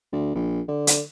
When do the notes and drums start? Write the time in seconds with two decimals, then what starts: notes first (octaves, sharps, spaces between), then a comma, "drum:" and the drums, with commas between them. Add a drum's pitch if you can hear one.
0.12 D2
0.35 A#1
0.68 D3
0.87 drum: hi-hat